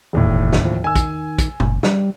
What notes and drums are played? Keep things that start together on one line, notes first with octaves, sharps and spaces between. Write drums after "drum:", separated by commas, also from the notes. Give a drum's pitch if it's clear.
E1 D#2 A2
F1
drum: snare
F3
D#3 G#5 E6
drum: kick, hi-hat
drum: kick, hi-hat
F#1, drum: tom A#2
G3, drum: snare